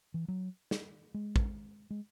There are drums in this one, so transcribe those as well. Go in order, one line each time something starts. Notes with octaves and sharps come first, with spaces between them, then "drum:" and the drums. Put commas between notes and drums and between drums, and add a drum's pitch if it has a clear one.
E3
F#3
drum: snare
G#3
drum: kick
G#3